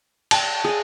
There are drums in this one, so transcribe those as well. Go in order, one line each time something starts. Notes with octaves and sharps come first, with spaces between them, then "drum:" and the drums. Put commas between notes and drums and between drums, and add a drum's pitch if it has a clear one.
G5 A5, drum: cymbal
G#4 G#5